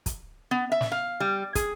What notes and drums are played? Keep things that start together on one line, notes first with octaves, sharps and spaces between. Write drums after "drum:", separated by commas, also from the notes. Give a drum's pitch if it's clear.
drum: kick, hi-hat
B3
E5
drum: snare
F5
G3
G#4, drum: kick, hi-hat